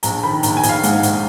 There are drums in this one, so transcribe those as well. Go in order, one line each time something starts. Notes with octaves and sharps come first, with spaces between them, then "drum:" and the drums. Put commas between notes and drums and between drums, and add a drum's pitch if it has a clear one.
A#1 A#5, drum: hi-hat
D#3 B5
A#1 A#5, drum: hi-hat
G#5
A#1, drum: hi-hat
F5
G#2 F#5, drum: hi-hat
A#1, drum: hi-hat